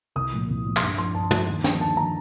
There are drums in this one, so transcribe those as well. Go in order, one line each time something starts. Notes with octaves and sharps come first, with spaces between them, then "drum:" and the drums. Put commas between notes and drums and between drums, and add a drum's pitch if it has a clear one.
C2 D#6
A#2 F3
C2
A#2 F3
C6, drum: clap
G2 D6
F3 C6
G2 A5
F3, drum: tom
D#2
D3 F3, drum: snare
D#2 A5
D3 F3 A#5